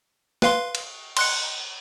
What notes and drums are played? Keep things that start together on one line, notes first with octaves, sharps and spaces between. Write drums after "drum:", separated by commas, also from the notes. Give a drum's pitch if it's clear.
B4 F5 C6, drum: snare
drum: cymbal
C6 F#6 C#7, drum: cymbal